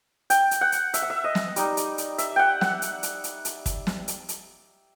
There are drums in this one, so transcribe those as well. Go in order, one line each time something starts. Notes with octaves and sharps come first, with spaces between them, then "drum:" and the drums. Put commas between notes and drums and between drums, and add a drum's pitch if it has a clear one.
G5, drum: hi-hat
drum: hi-hat
F#5
drum: hi-hat
E5, drum: hi-hat
F#5
E5
D#5
drum: snare
G3 D#4, drum: hi-hat
drum: hi-hat
drum: hi-hat
E5, drum: hi-hat
F#5 G5
F#5, drum: snare
drum: hi-hat
drum: hi-hat
drum: hi-hat
drum: hi-hat
drum: kick, hi-hat
drum: snare
drum: hi-hat
drum: hi-hat